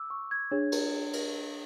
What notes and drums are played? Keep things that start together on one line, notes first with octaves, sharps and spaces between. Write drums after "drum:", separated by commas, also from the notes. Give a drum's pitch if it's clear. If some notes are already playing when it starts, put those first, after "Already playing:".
Already playing: D6 E6
C#6
G#6
D4 G#4 C#5
drum: cymbal
drum: cymbal